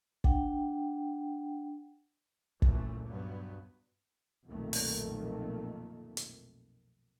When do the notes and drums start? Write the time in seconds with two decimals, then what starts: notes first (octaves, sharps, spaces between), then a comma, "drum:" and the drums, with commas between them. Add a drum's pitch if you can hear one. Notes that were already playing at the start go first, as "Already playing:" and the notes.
0.24 D4 F#5 G5, drum: kick
2.62 C#2 F#2 A#2 E3 A3, drum: kick
3.06 G2 F#3 B3
4.48 B1 F2 A#2 D#3 A3 A#3
4.73 drum: open hi-hat
6.17 drum: hi-hat